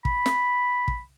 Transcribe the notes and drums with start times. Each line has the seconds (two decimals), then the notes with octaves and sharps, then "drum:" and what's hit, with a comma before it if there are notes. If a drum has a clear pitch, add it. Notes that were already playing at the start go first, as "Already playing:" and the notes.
0.05 B5, drum: kick
0.26 drum: snare
0.88 drum: kick